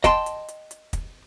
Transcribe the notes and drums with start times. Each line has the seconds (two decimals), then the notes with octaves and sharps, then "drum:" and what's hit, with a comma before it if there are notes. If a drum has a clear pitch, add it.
0.04 D#5 G5 A5 C6, drum: kick, hi-hat
0.26 drum: hi-hat
0.48 drum: hi-hat
0.71 drum: hi-hat
0.93 drum: kick, hi-hat